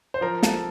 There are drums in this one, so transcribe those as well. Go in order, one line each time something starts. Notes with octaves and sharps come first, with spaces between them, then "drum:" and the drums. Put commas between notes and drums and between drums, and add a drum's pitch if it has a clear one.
C5
F3 A#4
A4, drum: snare